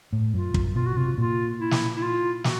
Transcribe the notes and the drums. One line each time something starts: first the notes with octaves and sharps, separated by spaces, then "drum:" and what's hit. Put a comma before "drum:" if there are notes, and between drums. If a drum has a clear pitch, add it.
A2
F#2 F4
F#2, drum: kick
B2 F4
F#4
C3 F4
A#2 F4
E4
drum: snare
E4
F4
F#4, drum: snare